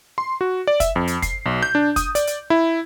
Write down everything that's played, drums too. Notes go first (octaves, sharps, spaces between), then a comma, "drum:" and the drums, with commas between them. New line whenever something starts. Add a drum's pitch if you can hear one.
C6
F#4
D5
E5, drum: kick, hi-hat
F2
drum: hi-hat
C7, drum: kick, hi-hat
B1
G6
D4
D#6, drum: kick, hi-hat
D5, drum: hi-hat
drum: hi-hat
E4